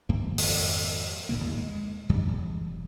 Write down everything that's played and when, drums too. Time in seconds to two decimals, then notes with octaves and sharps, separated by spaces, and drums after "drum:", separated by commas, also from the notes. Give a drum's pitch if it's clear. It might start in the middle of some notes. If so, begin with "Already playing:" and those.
0.09 G#1 F2 A#3
0.38 drum: open hi-hat
1.29 D1 A#2 D3 A#3
1.44 D#2 G#2 C3
1.58 G#3
2.09 E2 G2 C3 F#3
2.28 E1